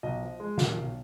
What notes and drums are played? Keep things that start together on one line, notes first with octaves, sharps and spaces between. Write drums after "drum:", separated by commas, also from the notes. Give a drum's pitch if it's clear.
B1 D#5
F3
G#3
A#2 F5, drum: snare
B1